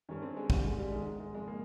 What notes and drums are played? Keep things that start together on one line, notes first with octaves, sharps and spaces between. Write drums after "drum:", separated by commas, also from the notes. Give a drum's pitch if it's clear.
G2 D#3 C#4
C4
G#3
G#2 D#3 G3, drum: kick
G#3
G3
G#2 D#3 G#3
G#3
G#3
F2 C#3 G#3
A#3